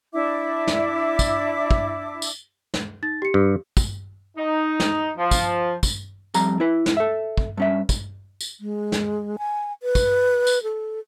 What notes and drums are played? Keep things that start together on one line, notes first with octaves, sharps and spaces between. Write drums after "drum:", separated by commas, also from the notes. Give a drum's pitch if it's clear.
D4 E4 E5 D6
drum: snare
drum: kick, tambourine
drum: kick
drum: tambourine
drum: snare
D#4 A6
G4 C#7
G2
drum: kick, tambourine
D#4
drum: snare
F3
drum: kick, tambourine
drum: kick, tambourine
F2 G3 A#5, drum: tambourine
E4 B4
drum: snare
A4 E5
drum: kick
G2 C#4 E5
drum: kick, tambourine
drum: tambourine
G#3
drum: snare
G#5
B4
drum: kick, tambourine
drum: tambourine
A4